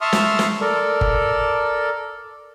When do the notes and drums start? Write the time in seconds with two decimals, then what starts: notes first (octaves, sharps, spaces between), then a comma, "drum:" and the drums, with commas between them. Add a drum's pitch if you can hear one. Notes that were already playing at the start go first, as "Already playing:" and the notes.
0.01 E5 A5 C6 C#6 D#6 F6
0.13 drum: snare
0.39 drum: snare
0.61 A4 A#4 D5
1.01 drum: kick G1